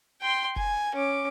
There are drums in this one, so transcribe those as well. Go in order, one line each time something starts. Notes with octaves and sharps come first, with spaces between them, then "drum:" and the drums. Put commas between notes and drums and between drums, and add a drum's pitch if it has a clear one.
G5 C6
G#5, drum: kick F1
C#4 D6